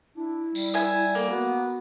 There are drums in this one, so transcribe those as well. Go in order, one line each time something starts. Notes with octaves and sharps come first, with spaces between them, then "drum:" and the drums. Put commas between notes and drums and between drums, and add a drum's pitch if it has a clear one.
D4 E4
G3, drum: tambourine
E5 G#5
A#3 A4
B3 F#4